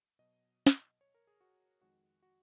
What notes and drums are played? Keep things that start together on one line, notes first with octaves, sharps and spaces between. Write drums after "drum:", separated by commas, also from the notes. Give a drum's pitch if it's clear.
B2 F#3 D#5
drum: snare
C#5
A#4
G#4
F#4
F2 D#3 G#3 F#4
F#4